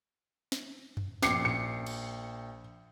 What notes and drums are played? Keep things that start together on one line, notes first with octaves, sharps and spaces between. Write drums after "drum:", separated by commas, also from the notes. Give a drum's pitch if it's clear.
drum: snare
drum: tom F#2
A#1 G5 D6 C7 C#7, drum: snare
C#7
drum: cymbal